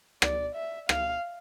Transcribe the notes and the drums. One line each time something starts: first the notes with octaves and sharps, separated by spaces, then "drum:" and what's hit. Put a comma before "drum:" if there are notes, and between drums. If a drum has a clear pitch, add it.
D5, drum: rim click
E5
F5, drum: rim click